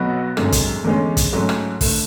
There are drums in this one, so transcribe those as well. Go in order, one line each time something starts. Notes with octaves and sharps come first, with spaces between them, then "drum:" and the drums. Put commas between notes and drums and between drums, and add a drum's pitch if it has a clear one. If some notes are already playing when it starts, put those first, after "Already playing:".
Already playing: B1 B2 F#3 B3 F#4
G#1 F#2 D3 G#3, drum: rim click
drum: kick, hi-hat
E2 D3 G#3 C#4
drum: kick, hi-hat
G#2 F#3 A3 C#4
drum: rim click
D3 A3, drum: kick, open hi-hat